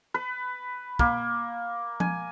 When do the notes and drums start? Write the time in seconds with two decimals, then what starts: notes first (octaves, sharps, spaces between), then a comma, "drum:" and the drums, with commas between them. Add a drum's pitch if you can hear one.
0.14 B4
0.99 A#3, drum: kick
2.00 G#5, drum: tom F3